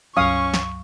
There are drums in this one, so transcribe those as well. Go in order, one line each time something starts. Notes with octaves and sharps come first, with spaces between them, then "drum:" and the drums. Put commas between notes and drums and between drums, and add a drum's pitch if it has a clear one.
C#2 G2 F#3 C#4 F5 C#6 D#6
drum: snare